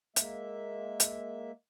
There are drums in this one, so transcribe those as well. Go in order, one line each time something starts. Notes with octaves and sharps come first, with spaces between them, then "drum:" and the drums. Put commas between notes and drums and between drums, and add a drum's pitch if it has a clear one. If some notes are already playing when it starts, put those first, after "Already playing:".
G#3 A#3 E5, drum: hi-hat
drum: hi-hat